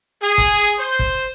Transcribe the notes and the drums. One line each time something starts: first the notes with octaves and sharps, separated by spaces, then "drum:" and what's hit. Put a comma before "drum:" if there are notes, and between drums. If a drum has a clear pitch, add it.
G#4
drum: kick
C5
drum: kick